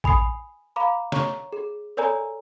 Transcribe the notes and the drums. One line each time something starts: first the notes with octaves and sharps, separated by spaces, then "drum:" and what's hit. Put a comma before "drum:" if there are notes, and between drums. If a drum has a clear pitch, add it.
G#5 B5 D#6 C7, drum: kick A1
F5 A#5 B5 D6
C#5 A#5 C#6, drum: snare
G#4
A4 A#4 C#5 D5 G#5 A#5